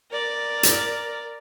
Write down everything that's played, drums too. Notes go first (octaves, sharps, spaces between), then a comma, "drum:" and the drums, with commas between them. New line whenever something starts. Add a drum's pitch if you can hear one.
A#4 D5
drum: hi-hat